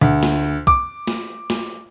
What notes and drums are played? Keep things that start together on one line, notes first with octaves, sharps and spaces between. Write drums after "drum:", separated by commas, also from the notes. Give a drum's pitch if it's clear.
D2
drum: snare
D6, drum: kick
drum: snare
drum: snare